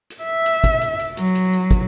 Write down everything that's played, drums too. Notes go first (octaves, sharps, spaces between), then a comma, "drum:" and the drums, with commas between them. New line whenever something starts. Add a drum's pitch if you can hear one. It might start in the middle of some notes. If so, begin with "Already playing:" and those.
drum: hi-hat
E5
drum: hi-hat
drum: kick, hi-hat
drum: hi-hat
drum: hi-hat
F#3, drum: hi-hat
drum: hi-hat
drum: hi-hat
drum: kick, hi-hat